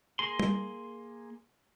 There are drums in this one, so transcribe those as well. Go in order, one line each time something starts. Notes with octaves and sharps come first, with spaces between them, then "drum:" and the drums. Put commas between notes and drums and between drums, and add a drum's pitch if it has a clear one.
A#3 G#4 C6
drum: tom G3